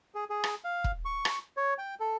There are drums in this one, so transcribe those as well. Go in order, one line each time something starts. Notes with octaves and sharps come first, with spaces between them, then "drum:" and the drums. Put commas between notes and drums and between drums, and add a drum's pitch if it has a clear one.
G#4
G#4
drum: rim click
F5
drum: kick
C#6
drum: rim click
C#5
G5
A4